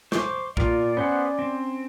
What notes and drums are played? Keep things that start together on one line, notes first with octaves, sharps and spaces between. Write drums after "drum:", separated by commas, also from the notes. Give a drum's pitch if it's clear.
C5 C#6 D6, drum: snare
A#2 F4 A#4 D5, drum: kick
B3 C#4 C5 F#5
C4